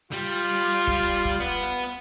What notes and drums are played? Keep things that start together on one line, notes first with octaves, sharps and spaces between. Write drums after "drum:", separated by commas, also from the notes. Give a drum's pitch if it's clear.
G3 F4, drum: hi-hat
drum: kick
drum: kick
B3
drum: hi-hat